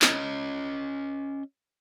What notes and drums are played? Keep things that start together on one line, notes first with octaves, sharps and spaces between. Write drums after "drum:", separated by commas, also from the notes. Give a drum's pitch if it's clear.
C#4 D#5, drum: clap